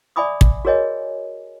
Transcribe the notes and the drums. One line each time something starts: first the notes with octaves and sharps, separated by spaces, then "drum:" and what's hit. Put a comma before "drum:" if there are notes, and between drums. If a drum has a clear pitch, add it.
D5 E5 G#5 B5 D6 D#6
drum: kick
F#4 G#4 A#4 C#5 D#5 G#5